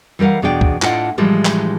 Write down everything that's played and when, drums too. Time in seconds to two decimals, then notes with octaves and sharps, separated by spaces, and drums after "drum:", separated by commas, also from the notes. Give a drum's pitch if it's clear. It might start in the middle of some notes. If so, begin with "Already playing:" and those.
0.19 E3 G3 A#4 F5 F#5
0.42 E2 B2 D4 G#4 D5 G5
0.61 drum: kick
0.82 A2 D4 F4 D5 D#5 F#5, drum: clap
1.18 A2 E3 F3 G3 G#3 D4
1.45 drum: clap